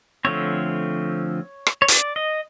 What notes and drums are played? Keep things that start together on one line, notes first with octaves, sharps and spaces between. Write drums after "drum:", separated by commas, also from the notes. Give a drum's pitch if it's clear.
D3 F3 A3 C4 C#5
drum: rim click
C#5
D5, drum: hi-hat
D#5